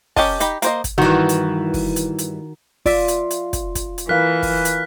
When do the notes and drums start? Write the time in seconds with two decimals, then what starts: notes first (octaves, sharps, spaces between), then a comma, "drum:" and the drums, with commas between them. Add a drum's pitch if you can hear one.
0.16 C#4 G4 A#4 D#5 A5, drum: kick, open hi-hat
0.40 D#4 G4 B5, drum: hi-hat
0.62 A#3 C5 D#5, drum: hi-hat
0.84 drum: kick, hi-hat
0.98 G2 D#3 E3 F#4
1.29 drum: hi-hat
1.74 drum: kick, open hi-hat
1.96 drum: hi-hat
2.18 drum: hi-hat
2.86 F4 D5 E5, drum: kick, open hi-hat
3.08 drum: hi-hat
3.30 drum: hi-hat
3.53 drum: kick, hi-hat
3.75 drum: kick, hi-hat
3.98 drum: hi-hat
4.09 E3 A#4 F5 F6 F#6 B6
4.42 drum: kick, open hi-hat
4.65 drum: hi-hat